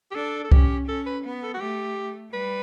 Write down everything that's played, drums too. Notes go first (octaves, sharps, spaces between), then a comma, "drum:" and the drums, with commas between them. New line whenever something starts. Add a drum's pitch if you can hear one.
G4
D4 A4
A4
C#4 G4, drum: kick C2
C#4 A4
B4
B3
A4
F#4
A3 G4
G3 B4